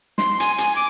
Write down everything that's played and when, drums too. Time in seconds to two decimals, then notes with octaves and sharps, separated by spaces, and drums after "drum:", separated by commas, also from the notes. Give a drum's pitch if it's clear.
0.18 C6, drum: snare
0.40 G#5, drum: hi-hat
0.58 G#5, drum: hi-hat
0.76 D6